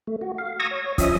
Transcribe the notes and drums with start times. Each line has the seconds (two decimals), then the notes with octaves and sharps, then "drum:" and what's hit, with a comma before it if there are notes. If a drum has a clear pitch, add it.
0.07 A3
0.21 F#4
0.38 F5
0.60 A#5 C#6 D#6 E6 G#6 A#6
0.71 C#5
0.98 F3 C#4 D#5 E5 D#6, drum: kick, hi-hat